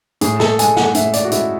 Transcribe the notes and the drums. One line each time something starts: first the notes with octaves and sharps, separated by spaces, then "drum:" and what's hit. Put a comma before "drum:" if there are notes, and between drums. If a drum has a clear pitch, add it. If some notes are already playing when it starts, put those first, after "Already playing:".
A2 G#4, drum: hi-hat
A4, drum: snare
G#3 G#5, drum: hi-hat
F#5, drum: snare
A2 E5, drum: hi-hat
D5, drum: hi-hat
F#4
G#3 E4, drum: hi-hat